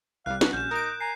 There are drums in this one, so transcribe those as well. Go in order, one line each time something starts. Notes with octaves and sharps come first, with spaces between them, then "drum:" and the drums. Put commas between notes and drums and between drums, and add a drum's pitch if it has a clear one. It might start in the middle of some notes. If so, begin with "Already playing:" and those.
C2 G3 F5 F#6
F#4 B4, drum: snare
A#1 C#4 G6 E7
D#4 A#4 A#5 G6 D7
G#5 A#5 C7